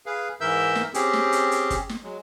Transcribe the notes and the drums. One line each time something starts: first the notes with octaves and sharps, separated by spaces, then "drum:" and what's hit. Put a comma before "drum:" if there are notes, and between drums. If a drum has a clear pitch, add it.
G#4 B4 F5
G#2 E3 A#4 E5 E6 G6
drum: snare
C4 C#4 G4 G#4, drum: hi-hat
drum: snare
drum: hi-hat
drum: hi-hat
drum: kick, hi-hat
drum: snare
F#3 G#3